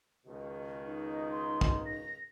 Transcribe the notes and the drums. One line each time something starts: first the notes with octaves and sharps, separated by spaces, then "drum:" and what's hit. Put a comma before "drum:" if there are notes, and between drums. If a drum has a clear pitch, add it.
C#2 B2 D#3
D#4
C6
drum: kick
A#6